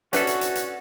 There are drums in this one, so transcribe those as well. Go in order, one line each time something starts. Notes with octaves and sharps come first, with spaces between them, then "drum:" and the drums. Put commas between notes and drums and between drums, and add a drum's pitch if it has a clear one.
C#4 D4 F#4 A4 B4 E5, drum: hi-hat
drum: hi-hat
drum: hi-hat
drum: hi-hat